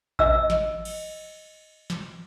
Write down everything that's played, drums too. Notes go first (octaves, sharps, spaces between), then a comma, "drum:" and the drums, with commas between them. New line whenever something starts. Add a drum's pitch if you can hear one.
D#5 E6, drum: kick A1
drum: snare
drum: cymbal
drum: snare